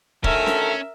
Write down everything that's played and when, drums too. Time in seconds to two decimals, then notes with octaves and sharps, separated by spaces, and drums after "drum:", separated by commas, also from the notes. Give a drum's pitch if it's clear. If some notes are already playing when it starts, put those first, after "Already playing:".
0.24 D2 D#3 C#4 A4 A#4 E5, drum: kick
0.46 drum: snare C#4